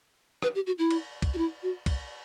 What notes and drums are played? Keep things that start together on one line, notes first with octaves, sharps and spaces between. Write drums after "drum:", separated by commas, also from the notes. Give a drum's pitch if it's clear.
B4, drum: rim click
G4
F#4
E4
drum: cymbal
drum: kick, cymbal
F#4
E4
F#4
drum: kick, cymbal